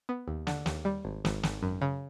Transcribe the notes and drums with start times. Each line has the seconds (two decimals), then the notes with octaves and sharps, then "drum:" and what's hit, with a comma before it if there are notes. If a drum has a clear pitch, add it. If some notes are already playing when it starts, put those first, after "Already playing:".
0.09 B3
0.28 D#2
0.47 D3, drum: snare
0.66 D#2, drum: snare
0.85 G3
1.05 G#1
1.25 G#1, drum: snare
1.43 G#1, drum: snare
1.63 F#2
1.82 C#3